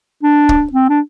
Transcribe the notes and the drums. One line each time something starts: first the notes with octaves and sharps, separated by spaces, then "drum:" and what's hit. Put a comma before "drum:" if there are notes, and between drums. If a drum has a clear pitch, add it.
D4
drum: kick
C4
D4